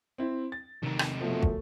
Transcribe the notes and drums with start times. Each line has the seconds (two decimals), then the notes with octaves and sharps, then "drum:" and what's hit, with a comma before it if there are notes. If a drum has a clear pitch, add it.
0.18 C4 E4
0.52 A6
0.83 C3 D#3 D#4
0.99 drum: rim click
1.21 F#2 B2 F3 A3
1.43 drum: kick